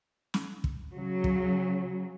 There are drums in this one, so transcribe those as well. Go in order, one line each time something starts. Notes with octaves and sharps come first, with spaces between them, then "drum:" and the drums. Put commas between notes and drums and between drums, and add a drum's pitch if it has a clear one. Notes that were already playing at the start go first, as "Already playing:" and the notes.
drum: snare
drum: kick
C#3 F#3
drum: kick